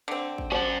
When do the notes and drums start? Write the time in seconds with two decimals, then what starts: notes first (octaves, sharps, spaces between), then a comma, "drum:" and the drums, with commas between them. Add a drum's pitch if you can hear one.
0.08 D3 C4
0.38 drum: kick G#1
0.52 C#4 D4 C5 F#5